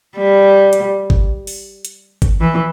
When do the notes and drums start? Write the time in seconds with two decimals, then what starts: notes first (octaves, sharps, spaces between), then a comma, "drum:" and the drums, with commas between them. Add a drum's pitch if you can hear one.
0.16 G3
0.73 drum: hi-hat
1.10 drum: kick G1
1.47 drum: open hi-hat
1.85 drum: hi-hat
2.22 drum: kick G1, hi-hat
2.40 E3